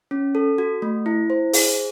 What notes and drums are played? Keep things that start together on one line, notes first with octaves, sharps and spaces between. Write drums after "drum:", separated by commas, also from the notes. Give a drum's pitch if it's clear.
C#4
A4
F#4
A3
E4
C5
G#4, drum: open hi-hat